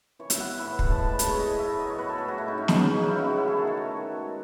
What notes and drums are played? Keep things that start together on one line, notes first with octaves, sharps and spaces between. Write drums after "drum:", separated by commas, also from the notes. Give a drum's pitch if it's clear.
E3 C#5
E5, drum: hi-hat
B3 F#5
E5
A2 B5
A2 B5, drum: kick
A5
G#3 B5
A5
B3, drum: hi-hat
C#5
A2 D#5
A2 E5
F#3 D#5
C#5
B3 B4
A4
A2 G#4
F#4
A2 E4
D#4
G#3 C#4
D#4, drum: snare
B3 D#4
C#4
C#3 D#4
E4
C#3 F#4
F#4
A3 E4
G#4
D#3 A4
C#5
A3
D#3
G#3